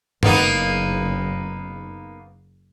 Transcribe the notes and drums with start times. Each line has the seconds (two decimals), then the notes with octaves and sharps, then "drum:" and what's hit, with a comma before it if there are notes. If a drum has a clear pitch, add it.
0.23 F#1 A#3 B3 D#4, drum: tom G2